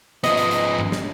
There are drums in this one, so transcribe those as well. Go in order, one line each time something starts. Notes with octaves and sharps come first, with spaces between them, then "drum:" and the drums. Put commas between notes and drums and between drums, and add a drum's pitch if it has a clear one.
F3 B3 D#5, drum: hi-hat
drum: hi-hat
drum: hi-hat
drum: tom G2
drum: snare